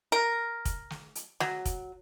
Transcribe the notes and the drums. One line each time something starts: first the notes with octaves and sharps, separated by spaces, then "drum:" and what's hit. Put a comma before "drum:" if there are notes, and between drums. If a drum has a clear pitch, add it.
A#4
drum: kick, hi-hat
drum: snare
drum: hi-hat
F#3, drum: snare
drum: kick, hi-hat